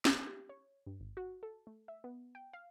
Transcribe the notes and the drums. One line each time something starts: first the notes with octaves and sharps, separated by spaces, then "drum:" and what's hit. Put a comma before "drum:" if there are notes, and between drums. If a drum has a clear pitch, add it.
B3, drum: snare
G4
C#5
G2
G#1
F#4
A4
A3
E5
B3
G5
F5